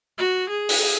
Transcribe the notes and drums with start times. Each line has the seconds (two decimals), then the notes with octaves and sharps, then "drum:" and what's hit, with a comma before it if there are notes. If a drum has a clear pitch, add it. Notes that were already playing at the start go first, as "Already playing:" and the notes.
0.18 F#4
0.49 G#4
0.69 drum: open hi-hat